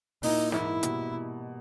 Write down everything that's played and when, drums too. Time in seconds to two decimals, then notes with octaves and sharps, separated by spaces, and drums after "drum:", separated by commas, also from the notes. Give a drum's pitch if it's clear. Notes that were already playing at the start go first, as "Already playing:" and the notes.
0.23 A#2 A#3 D#4 E4, drum: open hi-hat
0.52 G#2 E3 A#3 E4, drum: snare
0.83 B2 G3 A#3, drum: hi-hat